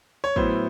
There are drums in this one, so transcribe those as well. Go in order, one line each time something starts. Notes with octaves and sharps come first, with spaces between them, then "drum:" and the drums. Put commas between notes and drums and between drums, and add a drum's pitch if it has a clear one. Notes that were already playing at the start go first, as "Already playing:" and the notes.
C#5
A2 F#3 B3 E4 C5, drum: kick